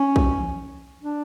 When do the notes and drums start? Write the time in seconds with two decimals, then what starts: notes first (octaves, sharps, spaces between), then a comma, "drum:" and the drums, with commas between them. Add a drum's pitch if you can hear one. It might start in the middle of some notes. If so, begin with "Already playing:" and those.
Already playing: C#4
0.16 drum: kick B1
0.40 drum: tom E3
1.03 D4